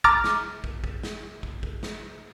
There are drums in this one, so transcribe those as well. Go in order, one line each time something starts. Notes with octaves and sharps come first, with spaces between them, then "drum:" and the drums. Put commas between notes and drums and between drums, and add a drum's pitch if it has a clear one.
A#5 D6 F6 A6, drum: kick
drum: snare
drum: kick
drum: kick
drum: snare
drum: kick
drum: kick
drum: snare